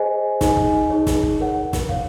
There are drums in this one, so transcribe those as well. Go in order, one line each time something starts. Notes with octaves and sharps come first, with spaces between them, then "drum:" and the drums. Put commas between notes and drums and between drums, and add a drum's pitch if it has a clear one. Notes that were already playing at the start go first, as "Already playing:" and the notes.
Already playing: G#4 C5 D#5 G#5
D#4 G#4 D#5 G#5, drum: snare
drum: kick
D#4 G#4 C#5
drum: snare
drum: kick
A#4 C#5 F#5
drum: snare
C#5 F5, drum: kick